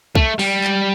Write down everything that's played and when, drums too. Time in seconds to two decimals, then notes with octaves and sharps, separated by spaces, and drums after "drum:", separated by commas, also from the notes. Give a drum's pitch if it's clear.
0.15 A3, drum: kick
0.39 G3, drum: open hi-hat
0.64 drum: clap